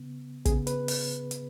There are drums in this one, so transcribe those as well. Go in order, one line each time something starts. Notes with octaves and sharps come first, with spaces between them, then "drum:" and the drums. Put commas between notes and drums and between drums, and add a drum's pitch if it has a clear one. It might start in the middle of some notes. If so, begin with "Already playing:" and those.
Already playing: C#3 B3
C#3 B3 G#4, drum: kick, hi-hat
B4, drum: hi-hat
drum: open hi-hat
drum: hi-hat